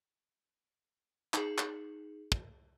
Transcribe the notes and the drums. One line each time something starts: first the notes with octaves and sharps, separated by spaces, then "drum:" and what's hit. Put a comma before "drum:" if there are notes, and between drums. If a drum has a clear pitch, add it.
D#4 G#4, drum: clap
drum: clap
drum: kick